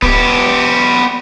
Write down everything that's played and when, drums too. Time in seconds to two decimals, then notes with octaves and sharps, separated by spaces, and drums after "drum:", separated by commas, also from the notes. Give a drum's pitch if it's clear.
0.02 B3 G4, drum: kick